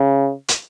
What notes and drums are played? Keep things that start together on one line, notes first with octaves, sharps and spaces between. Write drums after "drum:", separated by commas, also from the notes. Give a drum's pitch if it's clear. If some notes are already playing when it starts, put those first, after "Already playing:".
Already playing: C#3
drum: hi-hat